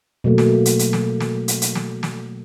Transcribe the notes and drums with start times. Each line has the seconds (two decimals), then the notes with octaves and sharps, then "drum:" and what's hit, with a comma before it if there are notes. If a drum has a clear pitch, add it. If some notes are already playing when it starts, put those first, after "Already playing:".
0.24 B2 F#3 A3 A#3
0.38 drum: snare
0.65 drum: hi-hat
0.79 drum: hi-hat
0.93 drum: snare
1.20 drum: snare
1.48 drum: hi-hat
1.62 drum: hi-hat
1.75 drum: snare
2.03 drum: snare